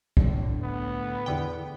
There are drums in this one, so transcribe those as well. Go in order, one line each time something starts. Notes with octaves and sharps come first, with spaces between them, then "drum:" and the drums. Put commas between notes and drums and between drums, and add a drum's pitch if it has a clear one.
A2 D3, drum: kick
B3
E2 D3 G5